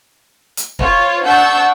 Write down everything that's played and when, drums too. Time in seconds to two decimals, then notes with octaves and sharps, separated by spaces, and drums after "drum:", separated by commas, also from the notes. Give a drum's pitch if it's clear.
0.57 drum: hi-hat
0.79 F4 C#5, drum: kick
1.25 D4 F#5 C#6 E6 G6